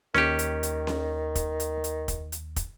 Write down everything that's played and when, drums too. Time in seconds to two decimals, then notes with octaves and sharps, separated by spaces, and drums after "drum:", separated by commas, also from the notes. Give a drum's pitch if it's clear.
0.15 D#2 D#3 C#4 G4, drum: snare C#4
0.39 drum: hi-hat
0.63 drum: hi-hat
0.87 drum: snare C#4
1.35 drum: kick, hi-hat
1.60 drum: hi-hat
1.84 drum: hi-hat
2.08 drum: kick, hi-hat
2.32 drum: hi-hat
2.56 drum: kick, hi-hat